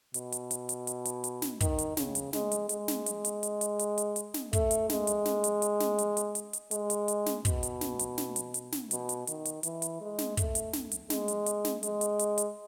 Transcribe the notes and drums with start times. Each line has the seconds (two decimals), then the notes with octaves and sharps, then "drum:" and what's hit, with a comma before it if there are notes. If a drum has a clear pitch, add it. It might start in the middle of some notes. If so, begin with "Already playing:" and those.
0.14 B2, drum: hi-hat
0.32 drum: hi-hat
0.51 drum: hi-hat
0.69 drum: hi-hat
0.87 drum: hi-hat
1.05 drum: hi-hat
1.24 drum: hi-hat
1.42 drum: snare
1.61 D#3, drum: kick, hi-hat
1.78 drum: hi-hat
1.97 C#3, drum: snare
2.15 drum: hi-hat
2.33 G#3, drum: snare
2.52 drum: hi-hat
2.69 G#3, drum: hi-hat
2.88 drum: snare
3.06 drum: hi-hat
3.25 drum: hi-hat
3.43 drum: hi-hat
3.61 drum: hi-hat
3.79 drum: hi-hat
3.98 drum: hi-hat
4.16 drum: hi-hat
4.34 drum: snare
4.53 A3, drum: kick, hi-hat
4.71 drum: hi-hat
4.90 G#3, drum: snare
5.07 drum: hi-hat
5.25 drum: snare
5.44 drum: hi-hat
5.62 drum: hi-hat
5.80 drum: snare
5.98 drum: hi-hat
6.17 drum: hi-hat
6.35 drum: hi-hat
6.53 drum: hi-hat
6.71 G#3, drum: hi-hat
6.90 drum: hi-hat
7.08 drum: hi-hat
7.26 drum: snare
7.45 B2, drum: kick, hi-hat
7.63 drum: hi-hat
7.81 drum: snare
7.99 drum: hi-hat
8.18 drum: snare
8.36 drum: hi-hat
8.54 drum: hi-hat
8.72 drum: snare
8.91 B2, drum: hi-hat
9.09 drum: hi-hat
9.27 D#3, drum: hi-hat
9.45 drum: hi-hat
9.63 E3, drum: hi-hat
9.82 drum: hi-hat
10.01 G#3
10.18 drum: snare
10.37 A3, drum: kick, hi-hat
10.55 drum: hi-hat
10.73 drum: snare
10.92 drum: hi-hat
11.10 G#3, drum: snare
11.28 drum: hi-hat
11.46 drum: hi-hat
11.65 drum: snare
11.83 G#3, drum: hi-hat
12.01 drum: hi-hat
12.19 drum: hi-hat
12.38 drum: hi-hat